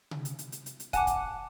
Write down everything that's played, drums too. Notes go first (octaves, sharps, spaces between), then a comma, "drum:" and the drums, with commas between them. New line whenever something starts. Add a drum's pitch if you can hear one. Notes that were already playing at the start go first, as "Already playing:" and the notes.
drum: tom C3
drum: hi-hat
drum: hi-hat
drum: hi-hat
drum: hi-hat
drum: hi-hat
F#5 G#5 A5 D6, drum: kick, hi-hat
drum: kick, hi-hat